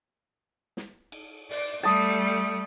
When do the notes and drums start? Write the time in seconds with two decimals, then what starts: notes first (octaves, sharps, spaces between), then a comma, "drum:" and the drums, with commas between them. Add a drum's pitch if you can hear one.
0.77 drum: snare
1.12 drum: cymbal
1.50 D5, drum: open hi-hat
1.83 G3 A3 A5 D#6